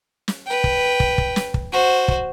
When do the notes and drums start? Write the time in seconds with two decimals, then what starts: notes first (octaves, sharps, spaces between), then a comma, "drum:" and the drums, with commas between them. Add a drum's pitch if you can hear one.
0.28 drum: snare
0.46 B4 G5
0.64 drum: kick
1.00 drum: kick
1.18 drum: kick
1.36 drum: snare
1.54 drum: kick
1.72 F#4 C5
2.08 drum: kick